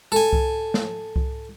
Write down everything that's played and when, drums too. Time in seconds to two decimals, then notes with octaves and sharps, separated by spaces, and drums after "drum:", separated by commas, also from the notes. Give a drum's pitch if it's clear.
0.12 A4 G#5
0.33 drum: kick C2
0.74 drum: snare
1.16 drum: kick C2